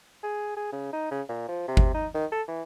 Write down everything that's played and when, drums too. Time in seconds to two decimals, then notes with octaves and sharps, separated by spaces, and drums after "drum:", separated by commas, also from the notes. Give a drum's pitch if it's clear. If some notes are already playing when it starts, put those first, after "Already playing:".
0.23 G#4
0.57 G#4
0.72 C#3
0.93 D#4
1.11 C#3
1.29 A#2
1.48 F3
1.68 C3
1.77 drum: kick G1
1.94 D#4
2.14 D#3
2.32 A4
2.48 E3